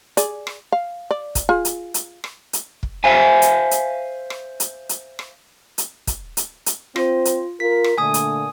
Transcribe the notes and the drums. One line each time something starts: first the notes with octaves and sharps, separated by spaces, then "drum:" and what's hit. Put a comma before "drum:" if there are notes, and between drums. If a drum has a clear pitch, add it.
G#4 D5, drum: hi-hat
drum: rim click
F5
D5
drum: kick, hi-hat
F4 G#4
drum: hi-hat
drum: hi-hat
drum: rim click
drum: hi-hat
drum: kick
C5 E5 F5 G#5
drum: hi-hat
drum: hi-hat
drum: rim click
drum: hi-hat
drum: hi-hat
drum: rim click
drum: hi-hat
drum: kick, hi-hat
drum: hi-hat
drum: hi-hat
C4 F4 C5, drum: rim click
drum: hi-hat
F4 A#4 B6
drum: rim click
A#2 D3 A3 G#5 D#6
drum: hi-hat